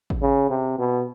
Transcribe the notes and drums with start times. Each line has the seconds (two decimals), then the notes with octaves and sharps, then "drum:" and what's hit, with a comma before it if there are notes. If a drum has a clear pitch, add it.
0.10 drum: kick G#1
0.21 C#3
0.50 C3
0.78 B2